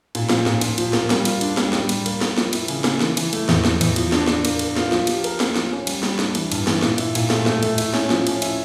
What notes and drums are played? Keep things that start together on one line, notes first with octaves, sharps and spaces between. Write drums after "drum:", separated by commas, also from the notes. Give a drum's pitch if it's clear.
A#2, drum: cymbal
F3, drum: snare
A#2, drum: snare
A#2, drum: cymbal
F3, drum: cymbal
A#3, drum: snare
G3, drum: snare
F4, drum: cymbal
D4, drum: cymbal
G3, drum: snare
G3, drum: snare
G3, drum: cymbal
A#3, drum: cymbal
A#3, drum: snare
F3, drum: snare
E4, drum: cymbal
C#3, drum: cymbal
A#3, drum: snare
E3, drum: snare
E3, drum: cymbal
A3, drum: cymbal
E2, drum: snare
E2, drum: snare
E2, drum: cymbal
F3, drum: cymbal
D4, drum: snare
D4, drum: snare
A#3, drum: cymbal
A#3, drum: cymbal
F4, drum: snare
F3, drum: snare
G4, drum: cymbal
A#4, drum: cymbal
G4, drum: snare
F3, drum: snare
C#4
G3, drum: cymbal
G3, drum: snare
D4, drum: snare
E3, drum: cymbal
G2, drum: cymbal
E3, drum: snare
A#2, drum: snare
E4, drum: cymbal
A#2, drum: cymbal
A3, drum: snare
A3, drum: snare
A3, drum: cymbal
E4, drum: cymbal
C#4, drum: snare
F3, drum: snare
C#4, drum: cymbal
E4, drum: cymbal